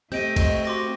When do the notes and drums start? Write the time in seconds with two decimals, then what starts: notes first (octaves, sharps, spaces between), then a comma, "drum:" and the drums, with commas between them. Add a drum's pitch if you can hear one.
0.12 A3 C4 G4 D#5 G6 D7 D#7
0.36 drum: kick, cymbal
0.65 F#4 C6 D6 A#6